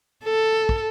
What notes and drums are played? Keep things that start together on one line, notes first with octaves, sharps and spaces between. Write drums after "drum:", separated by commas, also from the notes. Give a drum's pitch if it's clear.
A4
drum: kick